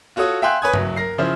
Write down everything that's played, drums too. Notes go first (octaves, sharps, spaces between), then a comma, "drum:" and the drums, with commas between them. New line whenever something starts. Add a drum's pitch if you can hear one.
F4 F#4 A4 C#5 D#6
E5 F5 G5 G#5 C6 F#6
B4 C#5 G#5 D#6 G#6
F#1 F#3, drum: tom G2
A#4 A#6 C7
C#3 F3 E4 C5